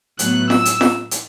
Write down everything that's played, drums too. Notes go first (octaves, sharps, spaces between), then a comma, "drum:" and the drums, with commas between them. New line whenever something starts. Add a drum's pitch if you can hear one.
A2 F#3 B3 F#6, drum: hi-hat
E6, drum: snare
drum: hi-hat
drum: snare
drum: hi-hat